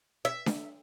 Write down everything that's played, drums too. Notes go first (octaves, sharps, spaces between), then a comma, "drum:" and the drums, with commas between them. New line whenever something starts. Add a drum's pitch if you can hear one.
E5
drum: snare D4